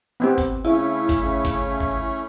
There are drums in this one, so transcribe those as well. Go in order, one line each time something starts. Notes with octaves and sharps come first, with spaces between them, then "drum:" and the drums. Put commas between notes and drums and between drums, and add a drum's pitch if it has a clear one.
B3 C4 G4
drum: kick G#1, hi-hat
C#3 A3 C#4 E4
drum: kick G#1, hi-hat
C#3
drum: kick G#1, hi-hat
drum: kick G#1